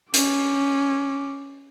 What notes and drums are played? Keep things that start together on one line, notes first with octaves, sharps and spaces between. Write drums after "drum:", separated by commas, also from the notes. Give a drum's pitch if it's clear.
C#4 D6, drum: hi-hat